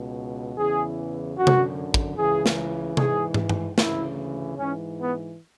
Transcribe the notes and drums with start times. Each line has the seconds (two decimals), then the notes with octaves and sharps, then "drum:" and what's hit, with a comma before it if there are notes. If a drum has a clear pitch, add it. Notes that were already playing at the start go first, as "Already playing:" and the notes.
Already playing: C#2 B2
0.56 E2 C#3 E3 G#4
1.36 F#2 D3 F#4
1.47 drum: tom C3
1.94 drum: kick
2.17 C#2 C#3 E3 G#4
2.46 drum: snare
2.97 G#2 E3 G#4, drum: tom C3
3.34 drum: tom
3.49 drum: tom
3.78 D2 C#3 E3 E4, drum: snare
4.58 G#2 E3 C#4
4.99 B3